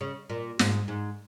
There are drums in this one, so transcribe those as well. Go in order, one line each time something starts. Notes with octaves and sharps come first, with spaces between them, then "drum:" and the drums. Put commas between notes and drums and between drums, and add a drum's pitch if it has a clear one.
C#3
A#2
G#2, drum: snare
G#2